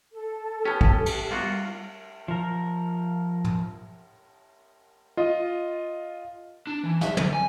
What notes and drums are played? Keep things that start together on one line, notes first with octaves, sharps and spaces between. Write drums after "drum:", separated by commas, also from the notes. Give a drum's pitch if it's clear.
A4
B3 C#4 G4
drum: kick
drum: cymbal
G2 A#3 B3 F4 F#4 F#5
G3
F3 A#4
drum: tom
F4 D#5
D4
E3
E5, drum: snare
D3, drum: tom
G#5